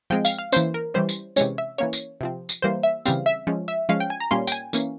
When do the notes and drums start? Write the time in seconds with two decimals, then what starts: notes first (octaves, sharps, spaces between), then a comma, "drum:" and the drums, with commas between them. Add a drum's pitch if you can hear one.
0.10 F3 G#3 C4 G5
0.25 F5, drum: tambourine
0.38 F5
0.52 E3 A#3 C#4 C5, drum: tambourine
0.74 A#4
0.94 E3 G3 C#4 C5
1.09 drum: tambourine
1.36 C3 E3 G#3 C#4 C#5, drum: tambourine
1.58 E5
1.78 E3 A#3 C#4 C#5
1.93 drum: tambourine
2.21 C3 F3 C4
2.49 drum: tambourine
2.62 E3 G3 A#3 C5
2.83 E5
3.06 C#3 E3 G3 C4 F5, drum: tambourine
3.26 E5
3.47 F3 G#3 C#4
3.68 E5
3.89 F3 G#3 C#4 F5
4.00 G5
4.10 G#5
4.20 A#5
4.31 A#2 G3 A#3 C#4 C6
4.47 G5, drum: tambourine
4.52 G#5
4.73 E3 A#3 C#4, drum: tambourine